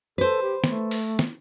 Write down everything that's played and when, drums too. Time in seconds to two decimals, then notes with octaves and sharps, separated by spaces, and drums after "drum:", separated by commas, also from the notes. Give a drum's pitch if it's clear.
0.18 A4 B4 C5
0.41 G4
0.64 A3, drum: snare
0.91 drum: open hi-hat
1.19 drum: snare